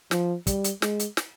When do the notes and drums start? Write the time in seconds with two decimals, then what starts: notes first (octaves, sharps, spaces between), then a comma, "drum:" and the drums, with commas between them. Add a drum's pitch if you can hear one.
0.11 F3, drum: snare
0.47 G3, drum: kick, hi-hat
0.64 drum: hi-hat
0.82 G#3, drum: snare
0.99 drum: hi-hat
1.17 drum: snare